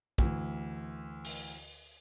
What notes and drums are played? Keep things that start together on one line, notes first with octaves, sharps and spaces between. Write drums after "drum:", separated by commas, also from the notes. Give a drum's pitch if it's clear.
D2 E3, drum: kick
drum: open hi-hat